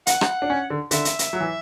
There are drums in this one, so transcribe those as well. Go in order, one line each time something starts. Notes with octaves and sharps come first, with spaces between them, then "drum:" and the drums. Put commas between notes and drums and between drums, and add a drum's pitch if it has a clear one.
F#5, drum: hi-hat
drum: rim click
D4
C#4
D3
D3 E5, drum: hi-hat
drum: hi-hat
drum: hi-hat
F#3
E3